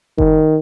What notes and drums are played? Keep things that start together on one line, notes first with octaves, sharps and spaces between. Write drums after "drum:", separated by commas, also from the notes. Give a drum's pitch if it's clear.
D#3, drum: kick F#1